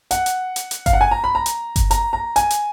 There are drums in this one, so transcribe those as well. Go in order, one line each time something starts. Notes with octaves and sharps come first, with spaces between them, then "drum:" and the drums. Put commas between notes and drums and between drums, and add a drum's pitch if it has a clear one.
F#5, drum: hi-hat
drum: hi-hat
drum: hi-hat
drum: hi-hat
F5, drum: kick G1, hi-hat
F#5
G#5
A#5
B5
A#5
drum: hi-hat
drum: kick G1, hi-hat
A#5, drum: hi-hat
A#5
G#5, drum: hi-hat
drum: hi-hat